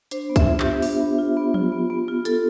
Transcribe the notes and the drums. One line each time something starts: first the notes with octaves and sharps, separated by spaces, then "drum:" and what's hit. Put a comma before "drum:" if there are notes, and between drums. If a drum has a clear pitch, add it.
D4 C5, drum: hi-hat
B3
E5, drum: kick C2, hi-hat
F4
G4, drum: clap
B3
D4, drum: open hi-hat
B3
F4
B3
F4, drum: tom F3
B3
B3
F4
F4 A4, drum: hi-hat